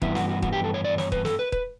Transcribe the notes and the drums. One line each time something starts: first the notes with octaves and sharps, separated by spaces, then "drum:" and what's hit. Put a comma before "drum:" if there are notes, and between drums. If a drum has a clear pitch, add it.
G2 E3 B3 E4, drum: kick D#1
F#4, drum: snare
F#4
F#4, drum: kick D#1
G4
A4
C#5
D5
C#5, drum: snare
B4, drum: kick D#1
A4, drum: snare
B4
B4, drum: kick D#1